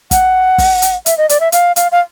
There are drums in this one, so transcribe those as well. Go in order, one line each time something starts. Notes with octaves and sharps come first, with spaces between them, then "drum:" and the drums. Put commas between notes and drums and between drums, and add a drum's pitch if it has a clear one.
F#5, drum: kick, hi-hat
drum: kick, open hi-hat
drum: hi-hat
E5, drum: hi-hat
D#5
D5, drum: hi-hat
E5
F5, drum: hi-hat
F5, drum: hi-hat
F5